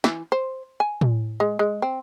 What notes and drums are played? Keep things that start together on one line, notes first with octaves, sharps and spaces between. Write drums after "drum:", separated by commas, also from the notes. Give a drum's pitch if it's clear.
E3, drum: snare
C5
G#5
drum: tom A2
G#3
G#3
C4